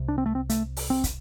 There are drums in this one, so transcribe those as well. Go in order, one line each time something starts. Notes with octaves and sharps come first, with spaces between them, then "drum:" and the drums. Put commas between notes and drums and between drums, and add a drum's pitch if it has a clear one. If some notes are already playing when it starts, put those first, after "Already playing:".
Already playing: C2 C3
D4
C4
A3
C4
A3, drum: hi-hat
drum: open hi-hat
C4
drum: kick, hi-hat